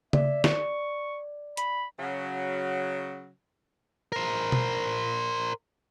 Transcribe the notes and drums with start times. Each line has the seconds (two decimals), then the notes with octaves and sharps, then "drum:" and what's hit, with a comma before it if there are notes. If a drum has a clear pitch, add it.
0.13 D5 E5, drum: tom C#3
0.44 C#6, drum: snare
1.57 B5, drum: hi-hat
1.99 C#3 F#3
4.12 A#4 C5
4.52 drum: tom B2